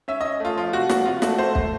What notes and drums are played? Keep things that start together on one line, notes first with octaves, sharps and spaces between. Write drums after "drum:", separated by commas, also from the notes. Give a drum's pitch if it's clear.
C#4 E5
C#4 D#5
A3 F4
F3 F4
C3 F#4
F3 F#4, drum: snare
C3 F4
A3 F#4, drum: snare
A3 C5
A3, drum: kick